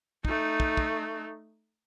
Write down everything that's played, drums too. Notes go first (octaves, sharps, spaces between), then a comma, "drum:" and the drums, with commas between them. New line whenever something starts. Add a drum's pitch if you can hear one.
A3 D#4, drum: kick
drum: kick
drum: kick